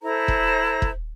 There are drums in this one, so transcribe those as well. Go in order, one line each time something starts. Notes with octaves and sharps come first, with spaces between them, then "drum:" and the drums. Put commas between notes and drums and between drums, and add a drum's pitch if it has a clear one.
E4 A4 C5 A#5
drum: kick E1
drum: kick E1